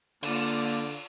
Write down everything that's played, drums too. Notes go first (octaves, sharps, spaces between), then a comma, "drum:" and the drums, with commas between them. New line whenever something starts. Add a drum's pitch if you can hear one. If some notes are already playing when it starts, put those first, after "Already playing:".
D3 A#3 F4 D5, drum: cymbal